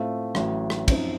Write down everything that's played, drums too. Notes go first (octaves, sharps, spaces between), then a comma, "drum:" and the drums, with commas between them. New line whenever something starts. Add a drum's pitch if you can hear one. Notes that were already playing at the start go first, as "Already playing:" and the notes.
Already playing: A2 A3 C4 F4
A1 A2 F#3, drum: rim click
drum: rim click
F#2 F3 C4 D#4, drum: kick, cymbal